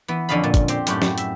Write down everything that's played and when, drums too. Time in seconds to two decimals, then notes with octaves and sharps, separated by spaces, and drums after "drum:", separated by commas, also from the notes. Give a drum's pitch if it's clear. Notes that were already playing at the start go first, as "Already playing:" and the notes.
0.08 E3 B3
0.29 F2 D3 C#4 D#5 F5 B5
0.44 A#2
0.54 drum: kick G1, hi-hat
0.68 C4 G4, drum: hi-hat
0.87 F#2 A2 A3 F#4 G4, drum: hi-hat
1.02 drum: snare
1.18 E5, drum: hi-hat